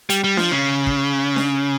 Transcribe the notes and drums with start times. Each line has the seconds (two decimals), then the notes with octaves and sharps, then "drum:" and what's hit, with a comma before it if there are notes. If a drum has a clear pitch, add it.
0.10 G3, drum: hi-hat
0.24 G3
0.37 F3, drum: snare D4
0.51 C#3
0.87 drum: kick
1.36 drum: snare D4